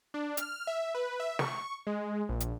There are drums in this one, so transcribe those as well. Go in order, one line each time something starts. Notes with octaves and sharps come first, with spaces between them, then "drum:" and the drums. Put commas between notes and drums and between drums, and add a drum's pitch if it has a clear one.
D4
F6, drum: hi-hat
E5
B4
E5
C#6, drum: snare
G#3
A#1
drum: hi-hat